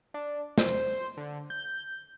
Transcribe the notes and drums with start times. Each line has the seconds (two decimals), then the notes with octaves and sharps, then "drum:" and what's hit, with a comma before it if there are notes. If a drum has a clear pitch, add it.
0.14 D4
0.58 C5, drum: snare
1.17 D3
1.50 G6